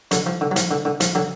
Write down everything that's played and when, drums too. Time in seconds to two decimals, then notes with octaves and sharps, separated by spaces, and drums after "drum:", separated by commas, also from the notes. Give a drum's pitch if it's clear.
0.11 D3 F#3, drum: hi-hat
0.26 F3
0.41 D3
0.51 F#3
0.56 F3, drum: hi-hat
0.71 D3
0.85 D3
1.00 F3, drum: hi-hat
1.15 D3 F#3